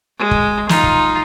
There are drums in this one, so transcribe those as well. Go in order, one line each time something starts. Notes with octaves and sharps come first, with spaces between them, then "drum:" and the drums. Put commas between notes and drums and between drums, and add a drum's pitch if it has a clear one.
G#3
drum: kick
D#4 F4, drum: snare
drum: kick